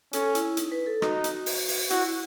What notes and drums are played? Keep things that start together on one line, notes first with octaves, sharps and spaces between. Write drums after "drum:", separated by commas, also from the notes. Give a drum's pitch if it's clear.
C#4 A4, drum: hi-hat
E4, drum: hi-hat
D#4, drum: hi-hat
B4
A4
D#4 F#4, drum: rim click
drum: hi-hat
drum: open hi-hat
drum: open hi-hat
E4 F#4, drum: hi-hat